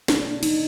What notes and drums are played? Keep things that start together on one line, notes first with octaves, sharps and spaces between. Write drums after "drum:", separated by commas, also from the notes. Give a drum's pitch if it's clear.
B2 D4, drum: snare
A#3
E3 D#4, drum: cymbal